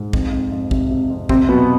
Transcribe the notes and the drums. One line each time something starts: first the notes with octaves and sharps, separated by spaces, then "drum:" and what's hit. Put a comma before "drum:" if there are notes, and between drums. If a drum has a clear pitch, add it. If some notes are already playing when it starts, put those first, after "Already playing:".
Already playing: G#2
F2, drum: kick
F2
F2
C3, drum: kick
C3
F2
F2 C3 C4, drum: kick
B2 F#3 B3